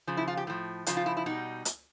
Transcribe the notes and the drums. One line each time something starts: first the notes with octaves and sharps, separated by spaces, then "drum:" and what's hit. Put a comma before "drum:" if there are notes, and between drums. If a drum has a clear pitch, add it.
C#3 F3
E4
F4
G4
A2 F3
C#3 F3 F4, drum: hi-hat
F4
E4
E4
B2 G3 D#4
drum: hi-hat